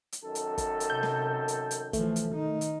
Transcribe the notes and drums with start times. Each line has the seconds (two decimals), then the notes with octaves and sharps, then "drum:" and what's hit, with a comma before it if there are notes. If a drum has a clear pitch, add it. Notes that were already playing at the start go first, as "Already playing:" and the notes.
0.12 drum: hi-hat
0.24 F#2 D#3 A4
0.35 drum: hi-hat
0.58 drum: kick, hi-hat
0.80 drum: hi-hat
0.90 C3 G6
1.03 drum: snare
1.48 drum: hi-hat
1.71 drum: hi-hat
1.93 E3 F3 A3, drum: kick, hi-hat
2.16 drum: hi-hat
2.35 D#3 D#4
2.61 drum: hi-hat